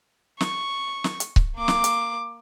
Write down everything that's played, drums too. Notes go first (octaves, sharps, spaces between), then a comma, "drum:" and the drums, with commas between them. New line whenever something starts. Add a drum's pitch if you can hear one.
C#6, drum: snare
drum: snare
drum: hi-hat
drum: kick C#1
A#3 D6
drum: snare
drum: hi-hat